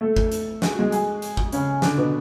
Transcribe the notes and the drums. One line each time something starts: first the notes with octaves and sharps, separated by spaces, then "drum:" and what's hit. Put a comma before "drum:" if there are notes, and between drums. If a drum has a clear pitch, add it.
A3 A4
drum: kick
drum: hi-hat
G#4, drum: snare
F#4
G#3 G#4
G#3 G#4, drum: hi-hat
drum: hi-hat
drum: kick
C#3 C#4, drum: hi-hat
D3 D4, drum: snare
B2 B3